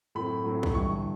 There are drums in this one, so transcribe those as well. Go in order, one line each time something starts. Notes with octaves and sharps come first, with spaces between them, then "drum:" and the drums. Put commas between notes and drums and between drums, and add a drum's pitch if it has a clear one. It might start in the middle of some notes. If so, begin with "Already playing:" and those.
A2 F#3 A3 C4 B5
A2 F#3 A3 C4
drum: kick
G1 G2 E3 G3 C#6